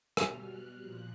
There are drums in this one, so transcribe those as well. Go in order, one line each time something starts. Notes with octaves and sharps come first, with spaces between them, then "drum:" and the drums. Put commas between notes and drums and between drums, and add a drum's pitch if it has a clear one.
B2 G3 F6, drum: rim click
F#6
A#2 F3 F#6